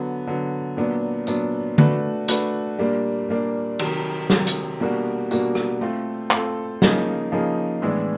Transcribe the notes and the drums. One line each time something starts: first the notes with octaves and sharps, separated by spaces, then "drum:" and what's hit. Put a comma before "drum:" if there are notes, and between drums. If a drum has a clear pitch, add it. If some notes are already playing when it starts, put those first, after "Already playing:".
Already playing: D3 F#3 B3
D3 F#3 B3
A#2 F#3 B3 D4
A#2 F#3 B3 D4, drum: tambourine
A3 D4 F#4 B4, drum: tom
A3 D4 F#4 B4, drum: hi-hat
A#2 G3 A#3 D4
A#2 G3 A#3 D4
C3 D#3 F#3, drum: cymbal
C3 D#3 F#3, drum: snare
drum: hi-hat
B2 G3 A#3 D4 F#4
B2 G3 A#3 D4 F#4, drum: tambourine
drum: rim click
A3 C4 F4 A4
A3 C4 F4 A4, drum: clap
C#3 F3 A#3 D#4 G#4, drum: snare
C#3 F3 A#3 D#4 G#4
A2 E3 G#3 B3 D4